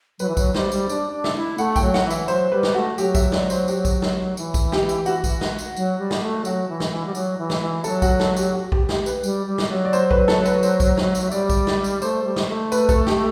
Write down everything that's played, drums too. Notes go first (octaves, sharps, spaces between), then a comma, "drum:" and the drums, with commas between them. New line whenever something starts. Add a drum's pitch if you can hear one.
F#3 B4, drum: tambourine
E3
F#3, drum: kick, tambourine
G3 C5, drum: snare
G3, drum: tambourine
D4 D5, drum: tambourine
D4
E5, drum: snare
E4
A3 F#5, drum: tambourine
G5, drum: kick, tambourine
F#3
F#5, drum: snare
E3
E5, drum: tambourine
F#3 C5, drum: tambourine
G3 B4
drum: snare
A3 F#4
F#3 G4, drum: tambourine
E5, drum: kick, tambourine
D5, drum: snare
C5, drum: tambourine
G4, drum: tambourine
drum: kick, tambourine
drum: snare
E3, drum: tambourine
drum: kick, tambourine
G4, drum: snare
drum: tambourine
F#4, drum: tambourine
drum: kick, tambourine
drum: snare
drum: tambourine
F#3, drum: tambourine
G3
drum: snare
A3
F#3 F#4, drum: tambourine
E3
drum: snare
E3
G3
F#3, drum: tambourine
E3
drum: snare
E3
F#3 A4, drum: tambourine
F#4, drum: kick, tambourine
A4, drum: snare
G4, drum: tambourine
F#4
G4, drum: kick
G4, drum: snare
B4, drum: tambourine
G3, drum: tambourine
G3
drum: snare
F#3
D5
C5, drum: tambourine
B4, drum: kick
A4, drum: snare
B4, drum: tambourine
C5, drum: tambourine
drum: kick, tambourine
drum: snare
drum: tambourine
E5
G3 D5, drum: tambourine
drum: kick, tambourine
drum: snare
drum: tambourine
A3 C5, drum: tambourine
G3
drum: snare
A3
B4, drum: tambourine
A4, drum: kick, tambourine
G4, drum: snare